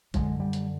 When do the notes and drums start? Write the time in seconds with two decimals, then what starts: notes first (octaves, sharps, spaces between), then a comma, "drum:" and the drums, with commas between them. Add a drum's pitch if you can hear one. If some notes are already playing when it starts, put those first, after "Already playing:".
0.14 F#2 D3 G#3, drum: kick, hi-hat
0.40 G3
0.53 drum: hi-hat